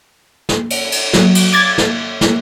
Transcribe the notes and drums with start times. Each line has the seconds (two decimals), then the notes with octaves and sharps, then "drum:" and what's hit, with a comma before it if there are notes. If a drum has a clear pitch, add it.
0.49 drum: snare
0.70 drum: cymbal
0.92 drum: cymbal
1.13 F#3, drum: snare
1.35 drum: cymbal
1.52 D6 G#6 A6
1.78 drum: snare
2.21 drum: snare